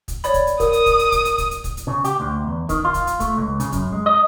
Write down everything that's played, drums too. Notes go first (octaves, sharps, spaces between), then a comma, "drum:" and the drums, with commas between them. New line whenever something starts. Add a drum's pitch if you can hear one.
drum: kick, hi-hat
C#5 D5 B5, drum: hi-hat
drum: kick, hi-hat
drum: hi-hat
A#4 D#6, drum: kick, hi-hat
drum: hi-hat
drum: kick, hi-hat
drum: hi-hat
drum: kick, hi-hat
drum: hi-hat
drum: kick, hi-hat
drum: hi-hat
drum: kick, hi-hat
drum: hi-hat
C#3
G4, drum: hi-hat
D2
E2
D#3, drum: kick, hi-hat
F4
drum: kick, hi-hat
drum: hi-hat
A3, drum: kick, hi-hat
C#2
C#3, drum: hi-hat
F#2, drum: kick, hi-hat
G#3
D#5